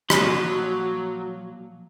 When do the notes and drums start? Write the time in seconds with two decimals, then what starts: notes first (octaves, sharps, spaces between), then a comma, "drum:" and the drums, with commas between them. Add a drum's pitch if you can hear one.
0.10 A#2 F3 F#3, drum: rim click